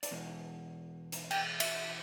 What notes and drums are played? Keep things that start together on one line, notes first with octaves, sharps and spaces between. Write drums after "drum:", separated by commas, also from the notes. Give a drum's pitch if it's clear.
D5, drum: hi-hat
E2 B2
drum: hi-hat
G5, drum: cymbal
E5, drum: cymbal